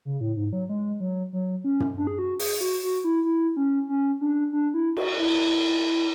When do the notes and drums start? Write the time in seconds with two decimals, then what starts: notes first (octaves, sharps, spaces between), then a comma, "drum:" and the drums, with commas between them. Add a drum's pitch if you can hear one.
0.05 C#3
0.21 A2
0.36 G#2
0.53 F#3
0.69 G#3
1.00 F#3
1.33 F#3
1.64 C#4
1.80 drum: tom
1.98 D4
2.07 G#4
2.19 F#4
2.39 G#4, drum: open hi-hat
2.61 F#4
2.83 F#4
3.04 E4
3.24 E4
3.57 C#4
3.89 C#4
4.21 D4
4.53 D4
4.74 E4
4.97 F#4, drum: cymbal
5.18 E4